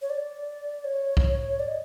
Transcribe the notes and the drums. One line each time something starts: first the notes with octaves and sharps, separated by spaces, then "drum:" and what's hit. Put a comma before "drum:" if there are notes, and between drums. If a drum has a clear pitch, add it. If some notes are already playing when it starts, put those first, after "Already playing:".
C#5
D5
C#5
drum: kick
D5
D#5